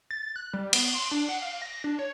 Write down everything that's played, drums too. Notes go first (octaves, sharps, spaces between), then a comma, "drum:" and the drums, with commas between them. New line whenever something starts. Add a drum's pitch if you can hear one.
A6
F#6
G3
B3, drum: cymbal
C6
D4
F#5
F5
A#6
D4
C#5